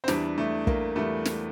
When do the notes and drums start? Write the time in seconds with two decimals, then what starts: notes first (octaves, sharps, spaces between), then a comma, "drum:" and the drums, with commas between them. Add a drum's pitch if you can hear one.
0.04 C4
0.08 E2 E3 G3 D4, drum: snare
0.38 A3
0.67 A#3, drum: kick
0.96 E2 E3 G3 A3
1.25 drum: snare